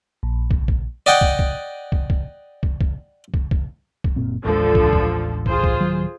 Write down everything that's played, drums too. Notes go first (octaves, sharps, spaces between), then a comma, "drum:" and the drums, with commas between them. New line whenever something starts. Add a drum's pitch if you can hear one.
A#1
drum: kick
drum: kick
D5 D#5 F#5 G5
drum: kick
drum: kick
drum: kick
drum: kick
drum: kick
drum: kick
drum: kick
drum: kick
drum: kick
F#1 A#2 C4
A1 D#2 D3 F3 G#3 A4
drum: kick
drum: kick
F4 G#4 C5, drum: kick
drum: kick
D1 D#3 F#3